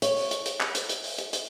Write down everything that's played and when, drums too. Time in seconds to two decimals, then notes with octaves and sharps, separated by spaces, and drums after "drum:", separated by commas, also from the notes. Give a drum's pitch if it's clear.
0.02 C#5, drum: hi-hat
0.17 drum: open hi-hat
0.31 drum: hi-hat
0.46 drum: hi-hat
0.60 drum: clap
0.75 drum: hi-hat
0.89 drum: hi-hat
1.04 drum: open hi-hat
1.18 drum: hi-hat
1.33 drum: hi-hat